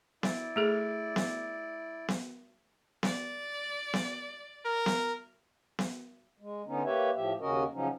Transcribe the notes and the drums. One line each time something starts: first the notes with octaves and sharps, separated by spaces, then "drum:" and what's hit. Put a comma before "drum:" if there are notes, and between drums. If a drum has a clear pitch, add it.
E4 D5, drum: snare B3
A3 G#4 A4
drum: snare B3
drum: snare B3
D5, drum: snare B3
drum: snare B3
A#4
drum: snare B3
drum: snare B3
G#3
D3 B3 C#4 D#4
A#3 G4 B4 C#5 E5
A2 F3 G4 E5
D#2 C#3 C#4 F#4 A#4 D#5
C#3 F3 F#3 C#4 D#4